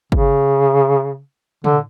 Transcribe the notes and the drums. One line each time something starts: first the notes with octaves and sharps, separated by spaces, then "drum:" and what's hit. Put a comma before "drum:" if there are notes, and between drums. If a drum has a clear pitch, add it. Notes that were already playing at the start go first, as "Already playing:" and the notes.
C#3, drum: kick G1
D3, drum: tom